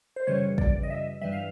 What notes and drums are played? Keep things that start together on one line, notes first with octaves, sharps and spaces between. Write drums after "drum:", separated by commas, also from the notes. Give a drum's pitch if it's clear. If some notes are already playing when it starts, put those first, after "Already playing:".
C5
F#2 C#3 E3 G3 C#5
D5, drum: kick
D#5
E5
G2 E3 G3 E5
F5